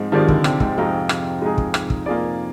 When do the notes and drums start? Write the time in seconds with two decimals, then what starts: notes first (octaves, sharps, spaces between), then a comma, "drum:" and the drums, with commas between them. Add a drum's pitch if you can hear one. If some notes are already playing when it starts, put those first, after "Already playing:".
Already playing: G#2 F3 G#3 C4
0.12 D#3 F3 G#3 C4 G4 D5
0.28 D3, drum: kick
0.44 C3, drum: rim click
0.60 G#2, drum: kick
0.77 F2 G#3 D#4 G#4
1.09 drum: rim click
1.42 G#3 D#4 G#4
1.58 drum: kick
1.74 drum: rim click
1.90 drum: kick
2.06 A#3 F4 G#4 D5